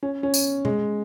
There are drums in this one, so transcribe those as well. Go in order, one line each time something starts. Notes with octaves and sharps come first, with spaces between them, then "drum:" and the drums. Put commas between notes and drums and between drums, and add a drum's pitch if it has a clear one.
C#4
C#4
drum: tambourine
G#3, drum: tom B2